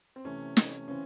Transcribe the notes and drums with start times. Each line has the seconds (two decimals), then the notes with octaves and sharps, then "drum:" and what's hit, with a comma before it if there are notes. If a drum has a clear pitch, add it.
0.16 C4
0.25 C3 E3 A3 C#4
0.57 drum: snare
0.88 C#3 E3 C4 C#4